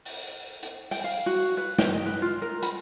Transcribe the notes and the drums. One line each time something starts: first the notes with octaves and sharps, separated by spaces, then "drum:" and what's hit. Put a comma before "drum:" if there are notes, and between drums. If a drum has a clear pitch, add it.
drum: open hi-hat
drum: hi-hat
G5, drum: open hi-hat
F5
F#4
B4
G5, drum: snare
D#5
B4
F4
A#4
B5, drum: hi-hat